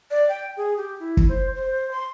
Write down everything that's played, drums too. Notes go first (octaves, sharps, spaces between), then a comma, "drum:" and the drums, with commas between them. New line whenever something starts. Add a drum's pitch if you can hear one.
D5
G5
G#4
G4
E4
drum: kick
C5
C5
C6